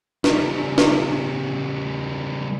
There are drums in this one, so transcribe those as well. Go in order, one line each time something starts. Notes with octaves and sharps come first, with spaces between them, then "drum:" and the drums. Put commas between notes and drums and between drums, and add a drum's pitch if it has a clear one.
C#3 G3, drum: snare
drum: snare